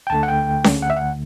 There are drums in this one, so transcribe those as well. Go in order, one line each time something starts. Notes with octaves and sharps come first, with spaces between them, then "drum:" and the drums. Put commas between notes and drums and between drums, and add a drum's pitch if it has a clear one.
G5
D2 D3 A3 A5
F#5
G5
drum: snare C#4
F#5
E5
F#5